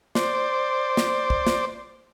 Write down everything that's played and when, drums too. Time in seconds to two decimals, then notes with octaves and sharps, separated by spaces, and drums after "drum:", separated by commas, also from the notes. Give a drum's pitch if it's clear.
0.15 C5 D5, drum: snare
0.97 drum: snare
1.30 drum: kick
1.47 drum: snare